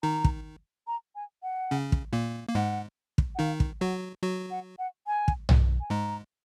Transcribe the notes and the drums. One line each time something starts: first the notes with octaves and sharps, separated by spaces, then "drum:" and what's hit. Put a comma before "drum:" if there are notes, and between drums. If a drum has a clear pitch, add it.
D#3 D#4 A#5
drum: kick
A#5
G#5
F#5
C#3 C#4
drum: kick
A#2 A#3
A#3
G#2 G#3 F#5
drum: kick
F#5
D#3 D#4 F5
drum: kick
F#3 F#4 F#5
F#3 F#4
F#5
F#5
G#5
drum: kick
drum: tom
G#5
G#2 G#3 A#5